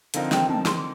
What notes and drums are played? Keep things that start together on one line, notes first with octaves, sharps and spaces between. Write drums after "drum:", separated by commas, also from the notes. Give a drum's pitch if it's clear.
D3 F3 C4 D#4 A#4 F5, drum: hi-hat
G5, drum: snare
A5, drum: tom
C6, drum: snare
D6